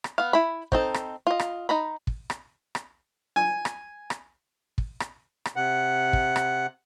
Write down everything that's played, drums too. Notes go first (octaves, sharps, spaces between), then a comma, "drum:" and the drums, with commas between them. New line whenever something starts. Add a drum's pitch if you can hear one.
drum: rim click
B3 F5
E4 B5
C4 D#4 A4, drum: kick
drum: rim click
F4 D#5
drum: rim click
D#4 A#5 B5
drum: kick
drum: rim click
drum: rim click
G#5
drum: rim click
drum: rim click
drum: kick
drum: rim click
drum: rim click
C3 F#5
drum: kick
drum: rim click